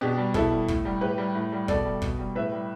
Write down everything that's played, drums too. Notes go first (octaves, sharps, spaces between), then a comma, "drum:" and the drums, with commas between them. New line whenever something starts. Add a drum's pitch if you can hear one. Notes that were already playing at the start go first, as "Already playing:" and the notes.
B2 D4 G4
G3
B2 E4 A4, drum: kick
G3
A2, drum: kick
G3
A2 G4 B4
G3
A2
G3
B2 A4 D5, drum: kick
G3
B2, drum: kick
G3
A2 B4 E5
G3